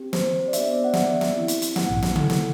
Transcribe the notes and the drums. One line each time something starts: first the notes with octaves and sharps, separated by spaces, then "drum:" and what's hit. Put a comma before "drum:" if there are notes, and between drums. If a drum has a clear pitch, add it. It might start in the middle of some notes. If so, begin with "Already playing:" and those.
Already playing: C4 G4
C5, drum: snare
D5
B3 D4 G4 E5, drum: hi-hat
C5
D5
F#5
E5, drum: snare
D5
E5
drum: snare
C4 E4 G4
drum: hi-hat
drum: hi-hat
F#5, drum: snare
drum: tom A#1
drum: snare
A3 E4 A4, drum: tom C#3
drum: snare